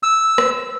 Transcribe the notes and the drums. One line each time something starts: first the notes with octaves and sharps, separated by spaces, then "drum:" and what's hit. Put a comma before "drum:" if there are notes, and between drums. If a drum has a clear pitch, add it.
E6
drum: rim click